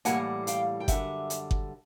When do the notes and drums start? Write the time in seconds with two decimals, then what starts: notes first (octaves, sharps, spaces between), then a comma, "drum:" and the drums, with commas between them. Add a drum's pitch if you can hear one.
0.05 A2 E3 G3 A#3 F#5 G#5, drum: hi-hat
0.47 F5 G5, drum: hi-hat
0.80 G5
0.88 F#2 D3 G3 E5 F#5, drum: kick G1, hi-hat
1.30 drum: hi-hat
1.51 drum: kick G1